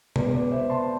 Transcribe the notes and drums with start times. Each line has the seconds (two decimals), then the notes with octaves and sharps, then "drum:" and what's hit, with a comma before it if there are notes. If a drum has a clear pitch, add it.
0.16 B2 G#3 B3 B4 D5, drum: tom B2
0.34 B4 D5
0.51 C5 E5
0.70 A5 C6